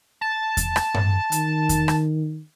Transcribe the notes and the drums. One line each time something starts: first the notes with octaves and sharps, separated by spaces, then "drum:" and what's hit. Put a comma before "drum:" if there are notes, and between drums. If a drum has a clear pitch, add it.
A5
drum: kick E2, hi-hat
drum: rim click
drum: tom G2
D#3, drum: hi-hat
drum: kick E2, hi-hat
drum: rim click